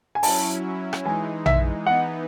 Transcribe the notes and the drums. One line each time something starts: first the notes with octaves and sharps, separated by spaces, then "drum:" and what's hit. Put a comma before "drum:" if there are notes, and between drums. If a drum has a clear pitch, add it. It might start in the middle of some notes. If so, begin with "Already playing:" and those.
G#5
F#3 C#4 E4 A5, drum: open hi-hat
drum: rim click
E3 G#3 D#4 G#5
E5, drum: tom A#1
E3 B3 D#4 F#5